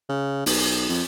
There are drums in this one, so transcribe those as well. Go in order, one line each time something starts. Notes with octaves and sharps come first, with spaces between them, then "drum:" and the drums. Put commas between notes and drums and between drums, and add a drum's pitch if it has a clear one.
C#3
B1, drum: open hi-hat
F2